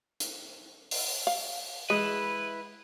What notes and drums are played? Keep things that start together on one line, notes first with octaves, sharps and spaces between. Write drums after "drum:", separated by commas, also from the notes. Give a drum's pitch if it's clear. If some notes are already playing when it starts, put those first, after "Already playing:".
drum: hi-hat
drum: open hi-hat
F5
G#3 E4 B4